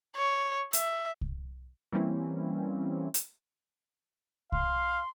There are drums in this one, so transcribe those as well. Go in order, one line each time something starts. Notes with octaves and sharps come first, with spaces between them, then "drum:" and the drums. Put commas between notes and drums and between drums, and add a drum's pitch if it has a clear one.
C#5
E5, drum: hi-hat
drum: kick C2
E3 G3 A#3 C4 C#4 E4
drum: hi-hat
F5 C6, drum: kick C2